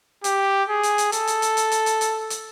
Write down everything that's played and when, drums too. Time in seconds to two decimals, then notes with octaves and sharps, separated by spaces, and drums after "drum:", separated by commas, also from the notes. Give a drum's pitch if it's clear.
0.24 G4, drum: hi-hat
0.69 G#4
0.83 drum: hi-hat
0.98 drum: hi-hat
1.12 A4, drum: hi-hat
1.27 drum: hi-hat
1.42 drum: hi-hat
1.57 drum: hi-hat
1.72 drum: hi-hat
1.86 drum: hi-hat
2.01 drum: hi-hat
2.30 drum: hi-hat